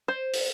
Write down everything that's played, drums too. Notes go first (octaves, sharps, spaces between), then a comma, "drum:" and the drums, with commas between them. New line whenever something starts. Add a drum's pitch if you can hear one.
C5
drum: open hi-hat